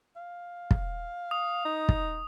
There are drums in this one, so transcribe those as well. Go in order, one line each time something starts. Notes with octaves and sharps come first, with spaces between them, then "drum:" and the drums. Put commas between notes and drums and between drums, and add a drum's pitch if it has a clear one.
F5
drum: kick
D#6
D#4
drum: kick